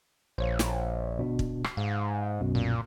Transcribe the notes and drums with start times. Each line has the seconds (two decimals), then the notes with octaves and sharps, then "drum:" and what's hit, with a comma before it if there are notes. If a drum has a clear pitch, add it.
0.38 A#1 C5 C#5 F5
0.59 drum: snare
1.18 G1 B2 D4
1.39 drum: kick
1.64 drum: rim click
1.77 G#2 F5
2.40 B1 F#2 B2
2.55 A#2